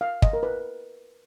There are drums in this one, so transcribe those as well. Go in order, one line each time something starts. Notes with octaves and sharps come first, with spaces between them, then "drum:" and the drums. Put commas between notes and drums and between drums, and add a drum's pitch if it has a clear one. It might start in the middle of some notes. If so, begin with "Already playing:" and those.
F5
D#5, drum: kick
A#4
B4